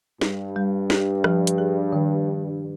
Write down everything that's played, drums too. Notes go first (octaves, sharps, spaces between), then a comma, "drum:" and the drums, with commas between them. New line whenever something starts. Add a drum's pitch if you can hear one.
G2 G3, drum: snare
G3
G4, drum: snare
F3, drum: rim click
drum: hi-hat
G#4
D#3